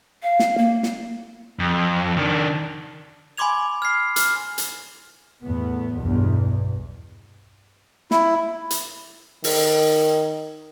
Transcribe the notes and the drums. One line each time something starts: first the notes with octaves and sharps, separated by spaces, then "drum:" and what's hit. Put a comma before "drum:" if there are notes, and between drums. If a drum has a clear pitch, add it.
F5
drum: snare
A#3
drum: snare
F2
D#3 D4
G#5 B5 C6 D6 G#6 F7
F6 G#6 C7
F6, drum: hi-hat
drum: hi-hat
E2 A2 B3
B1 E2 G2
E4, drum: snare
drum: hi-hat
D#3, drum: open hi-hat